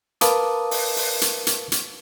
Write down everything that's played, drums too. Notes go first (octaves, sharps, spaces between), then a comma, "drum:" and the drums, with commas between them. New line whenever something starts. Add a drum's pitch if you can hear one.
A#4 B4 F5 A5 D6 D#6, drum: hi-hat
drum: open hi-hat
drum: open hi-hat
drum: hi-hat
drum: hi-hat
drum: hi-hat